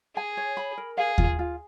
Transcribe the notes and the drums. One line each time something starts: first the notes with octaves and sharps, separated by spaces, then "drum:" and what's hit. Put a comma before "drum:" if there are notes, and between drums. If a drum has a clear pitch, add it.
G#4 G#5
C#5
B5
A#4
G#4 F5
F4, drum: kick D#2
F4